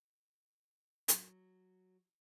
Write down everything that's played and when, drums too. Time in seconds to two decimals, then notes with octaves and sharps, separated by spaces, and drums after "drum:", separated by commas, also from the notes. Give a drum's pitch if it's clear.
1.08 F#3, drum: hi-hat